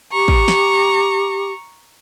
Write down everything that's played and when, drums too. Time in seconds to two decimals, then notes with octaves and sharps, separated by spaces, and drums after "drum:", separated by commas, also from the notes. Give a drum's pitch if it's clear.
0.13 G4 A#5 C#6
0.28 drum: kick
0.48 drum: snare